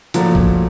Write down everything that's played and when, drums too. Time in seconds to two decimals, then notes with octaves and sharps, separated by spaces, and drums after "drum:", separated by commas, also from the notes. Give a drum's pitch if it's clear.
0.14 A#2 F3 F#3 A3, drum: hi-hat
0.35 drum: kick